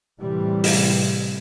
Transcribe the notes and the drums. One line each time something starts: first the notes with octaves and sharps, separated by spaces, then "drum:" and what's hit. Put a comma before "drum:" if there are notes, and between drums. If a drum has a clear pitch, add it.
A2 C3 E3 G3
drum: open hi-hat